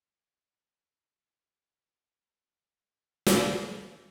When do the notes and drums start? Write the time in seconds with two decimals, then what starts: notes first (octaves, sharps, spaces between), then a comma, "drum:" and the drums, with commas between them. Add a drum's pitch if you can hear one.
0.03 C2 G2 C3 E3 G#3
0.81 C2 B4 F5 A#5 G#6
1.14 D#4 E4 F#4 G4 D#5 F5
1.52 D2 B3 G#4 E5 C#6
2.23 F#3 C4 B4 B5 C6
3.26 drum: snare